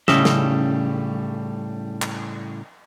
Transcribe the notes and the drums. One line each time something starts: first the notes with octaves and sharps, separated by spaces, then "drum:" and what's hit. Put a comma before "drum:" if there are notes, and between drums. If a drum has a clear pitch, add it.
A2 C#3 G3 C#4 D#5 E5, drum: snare
drum: snare
drum: clap